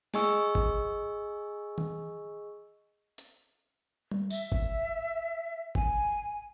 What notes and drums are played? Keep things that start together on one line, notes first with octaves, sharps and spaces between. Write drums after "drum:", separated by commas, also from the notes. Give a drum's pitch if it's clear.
G#4 D#5 G#5 C#6 E6, drum: snare
drum: kick
drum: tom D#3
drum: hi-hat
drum: tom G3
E5, drum: tambourine
drum: kick
G#5, drum: kick